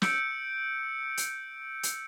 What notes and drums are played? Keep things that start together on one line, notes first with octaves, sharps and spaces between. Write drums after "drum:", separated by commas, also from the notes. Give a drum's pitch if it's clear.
E6 G6 C#7 D7, drum: snare
drum: hi-hat
drum: hi-hat